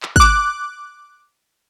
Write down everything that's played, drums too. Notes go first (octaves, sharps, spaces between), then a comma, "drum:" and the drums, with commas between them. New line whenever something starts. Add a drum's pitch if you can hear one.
drum: clap
D6 F#6, drum: kick